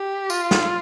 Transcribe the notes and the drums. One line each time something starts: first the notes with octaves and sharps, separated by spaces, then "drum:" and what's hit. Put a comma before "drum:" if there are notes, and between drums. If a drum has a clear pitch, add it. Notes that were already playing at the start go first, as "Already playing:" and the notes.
Already playing: G4
F4, drum: tambourine
drum: snare